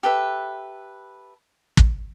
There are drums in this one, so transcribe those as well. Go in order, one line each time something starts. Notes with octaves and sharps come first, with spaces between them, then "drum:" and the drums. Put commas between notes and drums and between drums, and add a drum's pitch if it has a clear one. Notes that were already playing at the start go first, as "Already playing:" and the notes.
G4 A4 B4 E5
drum: kick